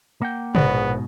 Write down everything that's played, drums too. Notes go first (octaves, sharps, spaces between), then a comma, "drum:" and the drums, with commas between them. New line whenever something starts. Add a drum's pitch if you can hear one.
A#3 F#5 G5
A#1 G#2 B2 B3 F#4 D5, drum: tom